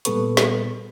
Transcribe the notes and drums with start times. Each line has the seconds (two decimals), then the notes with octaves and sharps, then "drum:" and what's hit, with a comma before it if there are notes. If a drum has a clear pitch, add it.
0.05 A#2 G3 B3 A4 B4 C#6, drum: hi-hat
0.37 drum: snare